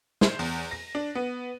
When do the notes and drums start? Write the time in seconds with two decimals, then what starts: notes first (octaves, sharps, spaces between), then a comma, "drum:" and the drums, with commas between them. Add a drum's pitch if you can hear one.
0.21 C5, drum: snare
0.39 E2, drum: open hi-hat
0.71 A#6
0.95 D4
1.15 B3